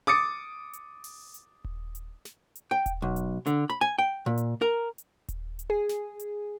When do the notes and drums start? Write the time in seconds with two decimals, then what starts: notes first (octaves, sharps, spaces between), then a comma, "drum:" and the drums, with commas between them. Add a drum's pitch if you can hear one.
0.07 D6 D#6 A6 C#7
0.73 drum: hi-hat
1.04 drum: open hi-hat
1.34 drum: hi-hat
1.64 drum: kick D#1
1.95 drum: hi-hat
2.25 drum: snare
2.55 drum: hi-hat
2.71 G5
2.86 drum: kick D#1, hi-hat
3.02 B1
3.16 drum: hi-hat
3.46 D3, drum: hi-hat
3.70 B5
3.81 G#5
3.99 G5
4.26 A#2
4.37 drum: hi-hat
4.62 A#4
4.98 drum: hi-hat
5.29 drum: kick D#1, hi-hat
5.59 drum: hi-hat
5.70 G#4
5.89 drum: snare
6.20 drum: hi-hat